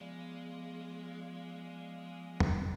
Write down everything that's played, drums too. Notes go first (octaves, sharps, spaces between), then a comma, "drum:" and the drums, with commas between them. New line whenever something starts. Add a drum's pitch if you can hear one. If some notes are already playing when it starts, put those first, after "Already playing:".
F3 G#3 B3 D5 F5
drum: tom